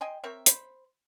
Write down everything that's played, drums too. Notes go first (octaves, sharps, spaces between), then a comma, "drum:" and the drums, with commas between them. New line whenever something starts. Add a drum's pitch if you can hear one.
D#5 G5 G#5 C6
C4 A#4 C#5 E5
C5 B5, drum: hi-hat